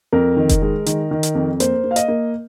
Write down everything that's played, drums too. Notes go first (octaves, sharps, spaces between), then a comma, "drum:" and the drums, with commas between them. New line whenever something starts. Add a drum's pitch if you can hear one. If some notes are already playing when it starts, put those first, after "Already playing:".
F2 A#4
D#3
drum: kick F1, hi-hat
G#3
D#3, drum: hi-hat
D#3
drum: hi-hat
F2
A#3 C5, drum: hi-hat
A#3
F5
D#5, drum: hi-hat
A#3